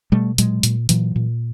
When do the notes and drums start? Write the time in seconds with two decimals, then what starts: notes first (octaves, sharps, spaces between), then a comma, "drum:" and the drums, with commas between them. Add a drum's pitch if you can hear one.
0.12 B2 G3 A3
0.38 A#2 F#3 G#3, drum: hi-hat
0.63 A#2, drum: hi-hat
0.89 A#2 E3 F#3, drum: hi-hat
1.16 A#2